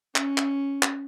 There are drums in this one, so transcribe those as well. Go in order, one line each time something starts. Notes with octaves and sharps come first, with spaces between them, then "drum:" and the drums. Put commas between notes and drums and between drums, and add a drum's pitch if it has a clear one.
C#4, drum: clap
drum: clap
drum: clap